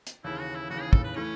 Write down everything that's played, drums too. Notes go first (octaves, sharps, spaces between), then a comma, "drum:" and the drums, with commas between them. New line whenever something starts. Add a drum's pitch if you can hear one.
drum: hi-hat
D#2 C#3 E3 E4
F#4
E4
D#2 C#3 E3 F#4
G#4
A4, drum: kick
B4
E3 A3 C#4 E4